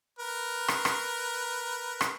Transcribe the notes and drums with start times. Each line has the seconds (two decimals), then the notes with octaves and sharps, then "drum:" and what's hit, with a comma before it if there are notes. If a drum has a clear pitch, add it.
0.19 A#4 B4
0.68 drum: rim click
0.85 drum: rim click
2.01 drum: rim click